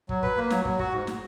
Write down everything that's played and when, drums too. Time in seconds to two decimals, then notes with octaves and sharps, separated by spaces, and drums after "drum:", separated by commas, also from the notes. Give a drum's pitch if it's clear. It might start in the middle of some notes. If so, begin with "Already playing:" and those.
0.09 F#3, drum: kick
0.23 B4, drum: kick
0.37 A#3
0.50 F#3, drum: snare
0.65 F#3, drum: kick
0.79 F#4, drum: kick
0.93 G#2
1.07 drum: snare